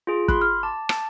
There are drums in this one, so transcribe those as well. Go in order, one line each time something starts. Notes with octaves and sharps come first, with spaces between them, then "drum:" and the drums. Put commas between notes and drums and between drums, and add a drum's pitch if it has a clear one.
F4 G#4
B5 C6 F#6, drum: kick
F6
A5 D6
A5, drum: rim click